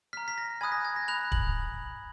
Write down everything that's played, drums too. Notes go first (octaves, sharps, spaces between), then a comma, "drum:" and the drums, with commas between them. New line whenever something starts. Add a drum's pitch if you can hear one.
A#5 F6 B6
B6
A#6
G#5 B5 D#6 F#6 G#6
A#6
G#6
A#6
B5 F#6 F7
F#7, drum: kick